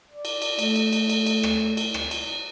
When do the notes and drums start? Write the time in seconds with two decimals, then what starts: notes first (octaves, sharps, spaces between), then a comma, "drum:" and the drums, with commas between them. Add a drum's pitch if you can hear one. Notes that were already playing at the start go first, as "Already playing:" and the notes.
0.11 D5
0.25 drum: cymbal
0.42 drum: cymbal
0.59 A3, drum: cymbal
0.76 drum: cymbal
0.92 drum: cymbal
1.09 drum: cymbal
1.26 drum: cymbal
1.43 drum: rim click
1.77 drum: cymbal
1.94 drum: rim click
2.11 drum: cymbal